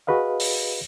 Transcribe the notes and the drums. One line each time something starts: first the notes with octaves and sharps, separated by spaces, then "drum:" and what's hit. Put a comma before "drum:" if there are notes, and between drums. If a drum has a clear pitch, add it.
F#4 G#4 B4 D#5 F5
drum: open hi-hat